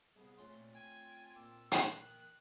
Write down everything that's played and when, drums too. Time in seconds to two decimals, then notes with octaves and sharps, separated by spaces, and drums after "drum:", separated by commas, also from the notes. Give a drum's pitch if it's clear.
0.16 C2 B3 G#4 A5
0.39 A3 C4 C#4 F4 B4 C6
0.53 A#2
0.74 G5 G#5
1.35 A#2 A4 D6 E6
1.72 drum: hi-hat
1.93 A#4 G5 F#6